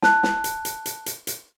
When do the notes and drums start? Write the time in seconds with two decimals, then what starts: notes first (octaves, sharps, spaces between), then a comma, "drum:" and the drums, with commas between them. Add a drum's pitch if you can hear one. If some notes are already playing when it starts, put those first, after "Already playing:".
0.02 A5 F#6, drum: snare
0.23 drum: snare
0.44 drum: hi-hat
0.65 drum: hi-hat
0.86 drum: hi-hat
1.06 drum: hi-hat
1.27 drum: hi-hat